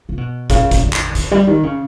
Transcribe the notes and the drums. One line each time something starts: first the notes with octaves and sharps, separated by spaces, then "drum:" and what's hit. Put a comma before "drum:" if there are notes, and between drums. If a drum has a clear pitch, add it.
C3
B2
C#3, drum: kick, hi-hat
drum: kick, hi-hat
D3
drum: clap
D3, drum: hi-hat
G3
D#3
C#3